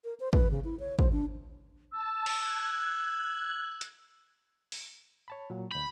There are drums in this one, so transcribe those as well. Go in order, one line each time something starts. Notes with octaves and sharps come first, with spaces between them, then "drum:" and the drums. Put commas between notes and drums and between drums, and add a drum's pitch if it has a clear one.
A#4
C5
B4, drum: kick
C#3
E4
C#5
C5, drum: kick
D4
A5 E6
drum: cymbal
F#6 G#6
drum: hi-hat
drum: open hi-hat
C#5 A5 B5
A#2 F#3
D2 B5 G6